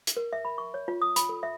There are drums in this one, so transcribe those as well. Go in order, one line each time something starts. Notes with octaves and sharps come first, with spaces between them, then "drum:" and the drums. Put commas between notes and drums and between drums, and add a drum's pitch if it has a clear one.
drum: hi-hat
A#4
E5
B5
C#6
C#5
F4
D#6
B5, drum: hi-hat
A4
E5